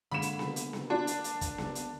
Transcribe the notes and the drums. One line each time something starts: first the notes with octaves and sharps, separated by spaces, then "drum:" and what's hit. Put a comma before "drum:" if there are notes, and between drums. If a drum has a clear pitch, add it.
D3 G#3 A#3 B5 E7
drum: hi-hat
drum: snare B3
drum: hi-hat
drum: snare B3
D4
drum: hi-hat
drum: hi-hat
drum: kick, hi-hat
drum: snare B3
drum: hi-hat